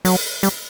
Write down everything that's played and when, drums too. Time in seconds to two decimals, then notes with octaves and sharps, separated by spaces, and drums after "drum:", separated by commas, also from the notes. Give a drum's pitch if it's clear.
0.05 F#3, drum: open hi-hat
0.43 G3, drum: hi-hat